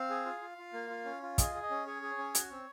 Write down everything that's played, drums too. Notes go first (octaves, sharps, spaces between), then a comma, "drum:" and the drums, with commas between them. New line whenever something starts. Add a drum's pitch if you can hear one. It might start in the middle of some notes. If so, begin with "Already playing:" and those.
Already playing: C4 F5
G#4
F4
F4
F4
A#3
F4
C#4
F4
G#4 D#5, drum: kick, hi-hat
G#4
D#5
C#4
G#4 C#5
G#4
C#4
F#4, drum: hi-hat
C4